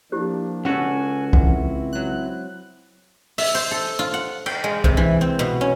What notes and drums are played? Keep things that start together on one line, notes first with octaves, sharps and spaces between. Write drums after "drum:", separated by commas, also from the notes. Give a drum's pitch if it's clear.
F3 A#3 D4 E4 G4 C5
C#2 C#4 F#4 A4 F#5 G#5
C4 E4 F#5, drum: kick C2
F#3 F#6
E5, drum: open hi-hat
C5
A4
F4
F#5
G5, drum: cymbal
G#3
C3, drum: kick C2
E3
C4
B2
C#4